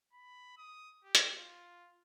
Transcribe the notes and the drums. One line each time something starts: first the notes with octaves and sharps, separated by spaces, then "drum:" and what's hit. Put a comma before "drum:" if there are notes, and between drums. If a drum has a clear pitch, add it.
B5
D#6
G4
drum: hi-hat
F4